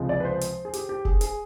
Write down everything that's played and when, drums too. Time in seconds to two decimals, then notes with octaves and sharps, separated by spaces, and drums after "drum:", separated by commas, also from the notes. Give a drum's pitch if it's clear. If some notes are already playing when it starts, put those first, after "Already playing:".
Already playing: C#2 C3 F3 G#3
0.09 D5
0.20 B4
0.25 C5
0.41 drum: hi-hat
0.65 G#4
0.73 G4, drum: hi-hat
0.89 G4
1.05 G#4, drum: kick F1
1.21 G#4, drum: hi-hat